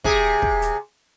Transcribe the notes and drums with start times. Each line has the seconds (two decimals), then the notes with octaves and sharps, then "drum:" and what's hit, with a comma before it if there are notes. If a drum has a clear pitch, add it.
0.04 C3 G#4, drum: kick
0.42 drum: kick
0.62 drum: hi-hat